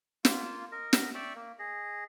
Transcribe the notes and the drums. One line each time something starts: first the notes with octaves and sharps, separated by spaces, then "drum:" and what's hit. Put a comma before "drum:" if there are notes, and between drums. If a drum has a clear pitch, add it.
A#3 F4, drum: snare
A#4 D#5
drum: snare
D5 E5 G5 C#6
A#3
G#4 D#5